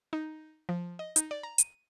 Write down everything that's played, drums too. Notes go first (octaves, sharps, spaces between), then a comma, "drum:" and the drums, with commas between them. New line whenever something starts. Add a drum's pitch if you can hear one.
D#4
F3
D#5
D#4, drum: hi-hat
D5
A#5
D#7, drum: hi-hat